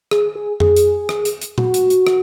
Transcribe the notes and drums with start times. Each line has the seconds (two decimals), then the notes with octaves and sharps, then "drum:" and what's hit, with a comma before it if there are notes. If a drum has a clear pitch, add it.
0.11 G#4, drum: rim click
0.35 G#4
0.60 G#4, drum: tom F2
0.76 drum: hi-hat
1.09 drum: rim click
1.25 drum: hi-hat
1.42 drum: hi-hat
1.58 F#4, drum: tom
1.74 drum: hi-hat
1.90 drum: hi-hat
2.07 drum: rim click